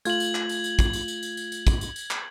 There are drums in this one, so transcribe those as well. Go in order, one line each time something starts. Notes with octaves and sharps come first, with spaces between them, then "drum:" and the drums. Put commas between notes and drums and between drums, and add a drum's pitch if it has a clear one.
A3 F4 G#6 F#7, drum: tambourine
drum: tambourine
drum: clap
drum: tambourine
drum: tambourine
drum: kick, tambourine
drum: tambourine
drum: tambourine
drum: tambourine
drum: tambourine
drum: tambourine
drum: kick, tambourine
drum: tambourine
drum: tambourine
drum: clap